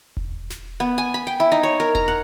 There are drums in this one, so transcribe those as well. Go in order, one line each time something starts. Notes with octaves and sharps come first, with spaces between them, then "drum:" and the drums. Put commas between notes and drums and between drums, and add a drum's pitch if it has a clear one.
drum: kick E1
drum: snare
B3
G#5
B5
G5
E4
D#4
C#5
A#4
A#5, drum: kick E1
F#5